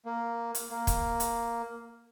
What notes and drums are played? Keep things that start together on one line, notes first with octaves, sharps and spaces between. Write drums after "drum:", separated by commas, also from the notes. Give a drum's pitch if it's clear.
A#3
drum: hi-hat
A#3
drum: kick, hi-hat
drum: hi-hat